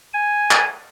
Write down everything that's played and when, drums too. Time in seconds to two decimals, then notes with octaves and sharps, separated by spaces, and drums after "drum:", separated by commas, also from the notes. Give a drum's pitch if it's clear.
0.14 G#5
0.51 drum: clap